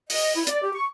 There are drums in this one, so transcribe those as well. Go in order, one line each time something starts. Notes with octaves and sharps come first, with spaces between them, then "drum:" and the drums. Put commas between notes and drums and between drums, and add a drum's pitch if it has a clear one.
D#5, drum: open hi-hat
E4
D5, drum: hi-hat
G4
C#6